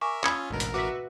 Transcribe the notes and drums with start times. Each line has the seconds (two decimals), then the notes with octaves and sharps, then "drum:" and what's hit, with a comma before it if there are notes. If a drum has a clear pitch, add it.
0.01 A#4 E5 G#5 C#6 D6
0.24 C#4 F4 B5 D#6 E6 G#6 C#7, drum: clap
0.50 A1 D2 G#2 B2 A#4
0.60 drum: hi-hat
0.74 F#4 B4 E5 D6 B6